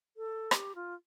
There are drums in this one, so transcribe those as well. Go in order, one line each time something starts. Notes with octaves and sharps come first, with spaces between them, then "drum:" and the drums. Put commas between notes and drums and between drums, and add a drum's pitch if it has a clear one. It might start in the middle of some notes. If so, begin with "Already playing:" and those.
A4
G4, drum: rim click
F4